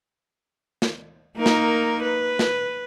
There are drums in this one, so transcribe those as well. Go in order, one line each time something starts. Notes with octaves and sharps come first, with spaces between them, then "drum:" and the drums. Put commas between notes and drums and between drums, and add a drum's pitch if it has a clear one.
drum: snare
A#3 D#4 A#4
drum: snare
B4
drum: snare